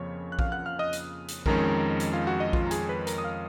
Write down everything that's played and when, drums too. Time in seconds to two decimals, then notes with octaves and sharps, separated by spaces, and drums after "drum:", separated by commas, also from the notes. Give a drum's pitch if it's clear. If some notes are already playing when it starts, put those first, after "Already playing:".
Already playing: F2 C#3 F3 A#3 F4 C#5 C#6
0.32 F#6
0.39 F5 F6, drum: kick A#1
0.52 F#5 F#6
0.66 F5 F6
0.79 D#5 D#6
0.93 drum: hi-hat
1.28 drum: hi-hat
1.46 F2 D#3 G#3 C#4 A#4 A#5, drum: kick A#1
2.00 drum: hi-hat
2.13 F4 F5
2.27 F#4 F#5
2.40 D#5
2.53 F4 F5, drum: kick A#1
2.67 A#5
2.71 G#4 G#5, drum: hi-hat
2.89 B4 B5
3.07 A#4 A#5, drum: hi-hat
3.18 D#6
3.24 F5 F6